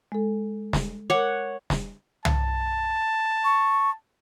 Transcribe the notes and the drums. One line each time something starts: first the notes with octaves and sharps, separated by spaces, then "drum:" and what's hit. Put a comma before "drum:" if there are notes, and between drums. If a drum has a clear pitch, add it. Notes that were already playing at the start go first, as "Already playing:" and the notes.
G#3 A4
drum: snare
A#4 C#5 F#5 D6
drum: snare
A5, drum: tom
C#6